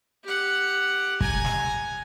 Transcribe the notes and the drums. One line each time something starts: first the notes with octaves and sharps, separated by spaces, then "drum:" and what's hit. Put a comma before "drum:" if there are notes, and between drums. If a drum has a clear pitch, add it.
G4 F#5
G#5 A#5, drum: kick
drum: snare